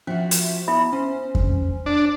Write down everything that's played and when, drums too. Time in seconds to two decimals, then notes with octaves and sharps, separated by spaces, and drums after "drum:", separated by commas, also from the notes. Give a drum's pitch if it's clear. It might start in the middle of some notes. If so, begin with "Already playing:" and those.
0.07 F3 C#4 F#4 E5
0.31 drum: hi-hat
0.68 B3 E4 E5 B5
0.92 C#4 C5
1.35 drum: kick F2
1.86 D4